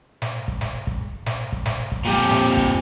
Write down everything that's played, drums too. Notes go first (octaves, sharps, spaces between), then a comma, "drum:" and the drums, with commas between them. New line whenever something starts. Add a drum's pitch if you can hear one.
drum: snare
drum: kick
drum: snare
drum: kick
drum: snare
drum: kick
drum: snare
drum: kick
F2 A#2 G4
drum: snare
drum: kick